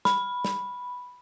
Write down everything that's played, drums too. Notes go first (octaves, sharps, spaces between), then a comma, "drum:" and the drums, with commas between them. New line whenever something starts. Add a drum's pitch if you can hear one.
B5, drum: snare
drum: snare